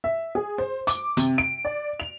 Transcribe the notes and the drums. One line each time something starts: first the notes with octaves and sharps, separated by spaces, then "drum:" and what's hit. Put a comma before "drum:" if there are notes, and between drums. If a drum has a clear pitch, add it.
E5
G#4
C5
D6, drum: hi-hat
C3, drum: hi-hat
D7
D5
F7